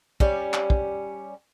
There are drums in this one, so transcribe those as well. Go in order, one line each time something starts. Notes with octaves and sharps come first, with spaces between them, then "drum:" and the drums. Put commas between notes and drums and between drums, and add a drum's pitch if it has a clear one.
G3 C#4, drum: kick
drum: clap
drum: kick